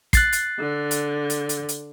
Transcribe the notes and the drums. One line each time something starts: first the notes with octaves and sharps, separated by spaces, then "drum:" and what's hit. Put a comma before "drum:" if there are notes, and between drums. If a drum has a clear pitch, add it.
F#6 A6 C7, drum: kick, hi-hat
drum: hi-hat
D3
drum: hi-hat
drum: hi-hat
drum: hi-hat
drum: hi-hat